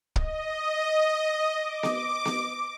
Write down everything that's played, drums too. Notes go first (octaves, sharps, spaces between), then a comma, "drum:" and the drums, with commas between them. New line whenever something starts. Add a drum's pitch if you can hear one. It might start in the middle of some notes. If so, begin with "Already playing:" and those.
D#5, drum: kick
D6
drum: snare B3
drum: snare B3